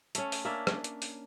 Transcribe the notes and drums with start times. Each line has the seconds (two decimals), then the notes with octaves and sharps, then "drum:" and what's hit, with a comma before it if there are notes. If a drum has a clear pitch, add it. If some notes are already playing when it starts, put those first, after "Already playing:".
0.15 A3 C#4, drum: hi-hat
0.32 drum: open hi-hat
0.45 A#3 C#4 D4 E5
0.67 drum: rim click
0.84 drum: hi-hat
1.02 drum: open hi-hat